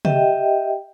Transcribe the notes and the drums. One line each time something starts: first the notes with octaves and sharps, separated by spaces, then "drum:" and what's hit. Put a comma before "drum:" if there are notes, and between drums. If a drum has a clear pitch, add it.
G4 D#5 E5 G5, drum: tom C3